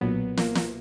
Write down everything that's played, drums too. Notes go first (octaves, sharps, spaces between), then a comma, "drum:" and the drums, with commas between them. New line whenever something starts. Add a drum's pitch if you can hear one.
B1 A#2 F#3 B3
A#3, drum: snare
drum: snare